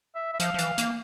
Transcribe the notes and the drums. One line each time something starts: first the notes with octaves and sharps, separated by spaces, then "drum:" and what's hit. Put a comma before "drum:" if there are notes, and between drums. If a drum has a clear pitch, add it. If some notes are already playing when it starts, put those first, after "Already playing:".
E5
E5
F3 F5, drum: hi-hat
F3
E3, drum: hi-hat
A#3, drum: hi-hat